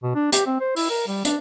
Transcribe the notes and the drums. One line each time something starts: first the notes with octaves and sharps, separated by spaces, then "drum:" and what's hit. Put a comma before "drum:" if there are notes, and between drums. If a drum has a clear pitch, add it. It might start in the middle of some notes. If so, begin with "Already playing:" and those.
B2
D4
G4, drum: hi-hat
C4
C5
E4, drum: open hi-hat
A#4
G3
D4, drum: hi-hat